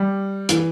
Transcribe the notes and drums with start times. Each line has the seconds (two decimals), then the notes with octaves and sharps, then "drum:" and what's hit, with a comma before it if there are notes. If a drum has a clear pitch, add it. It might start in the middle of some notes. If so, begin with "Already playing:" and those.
Already playing: G3
0.49 E3, drum: hi-hat